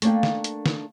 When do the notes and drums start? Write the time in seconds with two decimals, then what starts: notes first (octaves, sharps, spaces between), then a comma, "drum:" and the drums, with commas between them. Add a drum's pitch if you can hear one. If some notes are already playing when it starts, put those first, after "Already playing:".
0.02 A3 A#3 D4 F5 G5, drum: hi-hat
0.23 drum: snare
0.44 drum: hi-hat
0.66 drum: snare